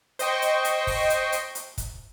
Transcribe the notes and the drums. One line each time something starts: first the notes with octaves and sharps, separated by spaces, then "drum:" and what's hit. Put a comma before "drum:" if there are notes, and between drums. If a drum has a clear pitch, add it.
C5 D#5 G5 C#6, drum: hi-hat
drum: hi-hat
drum: hi-hat
drum: kick, open hi-hat
drum: hi-hat
drum: hi-hat
drum: hi-hat
drum: kick, hi-hat